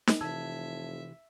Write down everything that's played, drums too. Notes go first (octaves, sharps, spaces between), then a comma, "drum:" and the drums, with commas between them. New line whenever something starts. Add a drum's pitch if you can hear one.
drum: snare
F1 C3 E3 E5 A5 E6 G#6